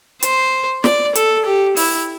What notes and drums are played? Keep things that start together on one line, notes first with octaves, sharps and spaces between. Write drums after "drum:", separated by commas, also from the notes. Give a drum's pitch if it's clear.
C5, drum: hi-hat
D5, drum: snare
A4, drum: hi-hat
G4
E4, drum: open hi-hat